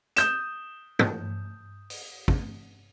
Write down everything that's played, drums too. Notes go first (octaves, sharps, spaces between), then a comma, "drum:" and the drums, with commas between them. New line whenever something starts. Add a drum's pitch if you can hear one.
D#6 G6 E7, drum: hi-hat
drum: tom
drum: open hi-hat
drum: kick